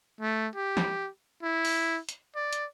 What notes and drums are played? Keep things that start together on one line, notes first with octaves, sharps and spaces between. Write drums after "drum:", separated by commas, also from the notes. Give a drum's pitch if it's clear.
A3
G4
drum: snare
E4
drum: open hi-hat
drum: hi-hat
D5
drum: hi-hat